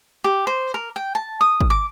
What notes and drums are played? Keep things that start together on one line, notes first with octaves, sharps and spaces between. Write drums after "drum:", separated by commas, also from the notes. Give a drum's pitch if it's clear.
G4
C5
A#4
G5
A5
D#6
drum: kick
D6